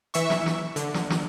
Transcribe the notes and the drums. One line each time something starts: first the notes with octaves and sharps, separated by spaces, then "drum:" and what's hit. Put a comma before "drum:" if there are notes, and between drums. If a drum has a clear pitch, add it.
E3 E5 C#6, drum: hi-hat
drum: snare
drum: snare
D3, drum: hi-hat
drum: snare
drum: snare